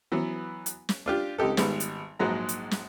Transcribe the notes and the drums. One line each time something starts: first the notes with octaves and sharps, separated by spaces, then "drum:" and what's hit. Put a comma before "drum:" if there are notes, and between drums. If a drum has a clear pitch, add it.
E3 F#3 B3
drum: hi-hat
drum: snare
D4 F4 G4
C#2 C4 D#4 G4 A4
G#1 G3 G#3 B3, drum: snare
drum: hi-hat
A#1 G#2 F#3 G#3 A#5
drum: hi-hat
drum: snare